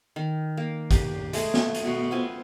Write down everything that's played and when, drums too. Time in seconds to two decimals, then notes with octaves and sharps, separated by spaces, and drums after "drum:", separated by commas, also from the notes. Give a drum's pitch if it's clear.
0.16 D#3
0.57 A#3
0.91 G4, drum: kick, hi-hat
1.33 G#3 A3 G#4, drum: hi-hat
1.54 drum: snare
1.75 drum: hi-hat
1.85 B2 F#4
2.11 B3 C4 F4 G#5